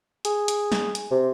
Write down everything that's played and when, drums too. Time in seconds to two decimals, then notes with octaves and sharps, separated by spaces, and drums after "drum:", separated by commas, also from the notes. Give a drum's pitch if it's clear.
0.25 G#4, drum: hi-hat
0.48 drum: hi-hat
0.72 drum: snare
0.95 drum: hi-hat
1.11 C3